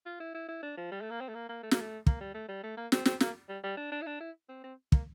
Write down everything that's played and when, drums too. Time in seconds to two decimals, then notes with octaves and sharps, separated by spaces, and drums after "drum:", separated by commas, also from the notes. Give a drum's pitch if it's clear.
0.06 F4
0.20 E4
0.35 E4
0.48 E4
0.63 D4
0.77 F3
0.92 G3
1.01 A3
1.10 A#3
1.20 C4
1.29 A3
1.34 A#3
1.49 A#3
1.63 A3
1.71 A#3, drum: snare
1.80 A3
2.07 A#3, drum: kick
2.21 G3
2.34 A3
2.49 G3
2.63 A3
2.77 A#3
2.92 C4, drum: snare
3.05 C4, drum: snare
3.20 A#3, drum: snare
3.49 G3
3.64 G3
3.77 D4
3.92 D4
4.02 E4
4.06 D4
4.20 E4
4.49 C4
4.64 C4
4.92 A#3, drum: kick